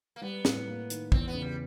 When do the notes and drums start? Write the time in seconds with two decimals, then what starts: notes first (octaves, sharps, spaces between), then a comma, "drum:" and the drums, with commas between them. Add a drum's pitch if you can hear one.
0.16 A#3
0.21 G3 B3
0.45 A2, drum: snare
0.67 A#3
0.90 D#3, drum: hi-hat
1.12 E2 C4, drum: kick
1.28 B3
1.34 C#3
1.42 G3